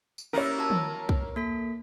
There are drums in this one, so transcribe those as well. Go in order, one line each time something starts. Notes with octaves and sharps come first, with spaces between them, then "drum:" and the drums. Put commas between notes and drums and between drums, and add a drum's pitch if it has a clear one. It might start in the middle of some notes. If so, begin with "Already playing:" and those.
drum: tambourine
A#3 C#4 E4 G4 A#4 C#5
F#4 A5
drum: tom
drum: kick C2
A#3 A4 B6